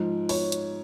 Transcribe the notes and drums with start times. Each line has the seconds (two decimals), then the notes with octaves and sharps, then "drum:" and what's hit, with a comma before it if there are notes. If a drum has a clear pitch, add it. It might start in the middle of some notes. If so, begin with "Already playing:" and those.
Already playing: G#2 F3
0.29 C#5, drum: open hi-hat
0.52 drum: hi-hat